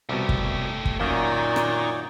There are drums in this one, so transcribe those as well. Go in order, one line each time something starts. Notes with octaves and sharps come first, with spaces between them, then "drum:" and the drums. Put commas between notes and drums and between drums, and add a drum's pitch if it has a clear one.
C2 B2 A3 G4
drum: kick
drum: kick
F#2 A#2 D#3 A#3 D#4 C#5 D5
drum: rim click